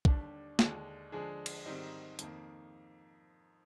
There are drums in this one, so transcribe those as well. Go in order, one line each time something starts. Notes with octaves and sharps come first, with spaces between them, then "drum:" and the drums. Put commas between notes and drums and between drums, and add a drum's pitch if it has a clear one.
D#2 D3 G3 D4 G4, drum: kick
D#2 D3 G#3 D4, drum: snare
D3 F3 G#3 D4 G#4
drum: cymbal
G#2 D#3 G3 C4 D#4
F2 D#3 A#3, drum: hi-hat